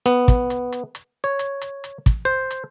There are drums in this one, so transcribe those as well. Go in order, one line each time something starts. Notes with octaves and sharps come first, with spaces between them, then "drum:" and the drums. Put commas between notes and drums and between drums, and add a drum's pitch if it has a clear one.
B3, drum: hi-hat
drum: kick, hi-hat
drum: hi-hat
drum: hi-hat
drum: hi-hat
C#5
drum: hi-hat
drum: hi-hat
drum: hi-hat
drum: kick, hi-hat
C5
drum: hi-hat